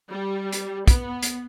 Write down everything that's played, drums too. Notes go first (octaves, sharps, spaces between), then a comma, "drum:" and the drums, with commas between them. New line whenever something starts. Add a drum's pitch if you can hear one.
G3
drum: hi-hat
B3, drum: kick, hi-hat
drum: hi-hat